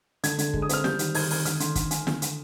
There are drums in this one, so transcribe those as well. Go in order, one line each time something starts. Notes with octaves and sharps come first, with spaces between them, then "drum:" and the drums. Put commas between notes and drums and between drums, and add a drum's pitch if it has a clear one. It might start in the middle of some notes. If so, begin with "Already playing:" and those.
D3 G#6, drum: hi-hat
D3, drum: hi-hat
G#3, drum: kick
D#6
C4 F6, drum: hi-hat
G3 G6, drum: snare
D#3, drum: hi-hat
D#3 G#6, drum: open hi-hat
D#3, drum: open hi-hat
D3 F6, drum: hi-hat
D3 C6, drum: hi-hat
D3, drum: kick, hi-hat
D3 G#5, drum: hi-hat
D3, drum: snare
D3, drum: hi-hat